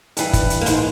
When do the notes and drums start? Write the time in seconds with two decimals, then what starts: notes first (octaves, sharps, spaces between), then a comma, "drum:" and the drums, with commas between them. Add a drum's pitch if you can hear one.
0.17 G2 E3, drum: hi-hat
0.33 drum: kick, hi-hat
0.50 drum: hi-hat
0.61 A#3
0.66 G#2 G#3, drum: hi-hat